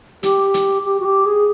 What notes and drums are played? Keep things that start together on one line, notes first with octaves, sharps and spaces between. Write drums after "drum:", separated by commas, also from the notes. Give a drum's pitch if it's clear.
G4, drum: hi-hat
drum: hi-hat
G4
F#4
G4
G#4